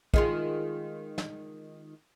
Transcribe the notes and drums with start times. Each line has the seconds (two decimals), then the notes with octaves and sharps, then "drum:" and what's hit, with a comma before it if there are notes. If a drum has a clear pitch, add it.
0.14 D#3 G#3 F4, drum: kick
1.18 drum: snare